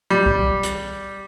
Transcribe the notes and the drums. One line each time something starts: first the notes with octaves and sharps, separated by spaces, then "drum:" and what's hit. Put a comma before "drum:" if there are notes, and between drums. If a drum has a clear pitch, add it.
G3
drum: kick C2
drum: hi-hat